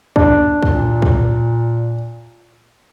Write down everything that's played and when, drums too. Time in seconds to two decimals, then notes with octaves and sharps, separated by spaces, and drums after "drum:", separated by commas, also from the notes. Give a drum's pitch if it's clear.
0.16 D4, drum: kick
0.63 A#2, drum: kick
1.02 drum: kick